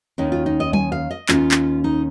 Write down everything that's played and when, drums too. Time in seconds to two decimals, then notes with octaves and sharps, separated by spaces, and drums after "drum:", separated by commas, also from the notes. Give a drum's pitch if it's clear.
0.18 D#2 D#3 C#4 D#4
0.32 F4
0.46 D#4
0.60 D#5
0.73 G#5, drum: tom F#3
0.92 F5
1.11 D#5
1.29 D#2 D#3 C#4 F4, drum: clap
1.51 drum: clap
1.84 D#4